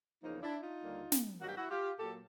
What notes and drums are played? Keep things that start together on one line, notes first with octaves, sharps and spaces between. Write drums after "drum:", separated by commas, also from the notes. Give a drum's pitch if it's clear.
E2 C#3 F3 A#3 D#4
D4 E4
D#4 F4
D#2 D3 G3 A#3
drum: snare
G2 D#3 F#3 A#3 F#4
G4
E4 F#4
F4 G4
A#2 F#3 A#3 G4 A4